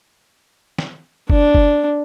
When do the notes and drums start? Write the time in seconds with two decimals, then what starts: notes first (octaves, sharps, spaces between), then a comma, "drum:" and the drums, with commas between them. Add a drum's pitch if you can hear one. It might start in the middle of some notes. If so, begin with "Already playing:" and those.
0.78 drum: snare
1.30 D4, drum: kick F#1
1.55 drum: kick F#1